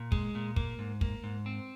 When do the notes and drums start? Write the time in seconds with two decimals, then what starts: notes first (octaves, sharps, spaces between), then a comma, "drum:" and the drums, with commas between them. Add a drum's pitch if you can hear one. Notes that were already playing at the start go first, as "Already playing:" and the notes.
Already playing: A#2
0.12 G#3, drum: kick
0.35 A#2
0.56 A#3, drum: kick
0.79 G#2
1.01 A#3, drum: kick
1.24 G#2
1.46 C4